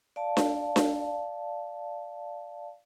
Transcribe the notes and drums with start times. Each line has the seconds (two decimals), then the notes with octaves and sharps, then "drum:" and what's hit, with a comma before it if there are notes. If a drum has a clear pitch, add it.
0.16 D5 F5 A5
0.37 drum: snare D4
0.76 drum: snare D4